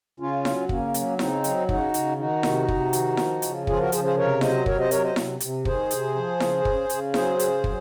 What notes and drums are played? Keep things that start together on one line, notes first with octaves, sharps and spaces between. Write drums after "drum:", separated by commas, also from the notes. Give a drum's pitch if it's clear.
C#3 C#4 F4
F#3, drum: snare E4
C#3 A#3 C#4, drum: kick
F#3, drum: hi-hat
C#3 C4 D#4, drum: snare E4
F#3, drum: hi-hat
C#3 D#4 F#4, drum: kick
C#3, drum: hi-hat
D#3 D#4 F#4
C3, drum: snare E4
C3, drum: kick
D#3, drum: hi-hat
F3, drum: snare E4
C#3, drum: hi-hat
F3 F4 G#4, drum: kick
F#4 A#4
C#3 G#4 C5, drum: hi-hat
G#4 C5
C3 A#4 C#5
F#3 C5 D#5, drum: snare E4
C3 A#4 C#5, drum: kick
C5 D#5
F#3 A#4 C#5, drum: hi-hat
C5 D#5
C3, drum: snare E4
C3, drum: hi-hat
D#3 G#4 C5, drum: kick
C3, drum: hi-hat
F3
C#3, drum: snare E4
C#3, drum: kick
C#3, drum: hi-hat
F#3 G#4 C5, drum: snare E4
C#3, drum: hi-hat
F#3, drum: kick